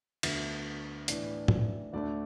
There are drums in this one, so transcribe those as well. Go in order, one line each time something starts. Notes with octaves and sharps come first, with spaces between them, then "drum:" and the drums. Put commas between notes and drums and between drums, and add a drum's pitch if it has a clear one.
D2 D3 B3 E5, drum: cymbal
A2 E3 B3 D4, drum: hi-hat
drum: tom
D2 D3 A3 D4 D5